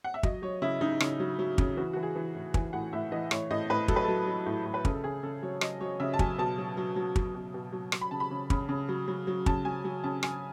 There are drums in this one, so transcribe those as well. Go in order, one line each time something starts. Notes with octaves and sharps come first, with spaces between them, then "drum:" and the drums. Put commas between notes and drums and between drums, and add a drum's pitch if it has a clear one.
F#5
E5
F#3 D#5, drum: kick
F#3 C#5
C#3 E4
C#3 D#4
C#3, drum: rim click
F#3
F#3
C#3, drum: kick
E3 F#4
E3 F#4
G#4
E3
A2
E3 G#5, drum: kick
A2 F#5
A2 E5
E3 D#5
A2 C#5, drum: rim click
A2 D#5
A2 B4
F#3 A4, drum: kick
B4
F#3 A4
F#3
A2
A2
B4
C#3 A4, drum: kick
A4
C#3 G#4
C#3 A4
F#3 C#5
F#3 D#5, drum: rim click
F#3 C#5
C#3 E5
A5
F#3 G#5, drum: kick
B2 A5
F#3
F#3
F#3
F#3, drum: kick
B2
B2
F#3
F#3, drum: rim click
B5
C#3 A5
B5
C#3
C#3, drum: kick
C#3
F#3
F#3
F#3
C#3 A5, drum: kick
F#3 G#5
F#3
C#3 A5
F#3 G#5, drum: rim click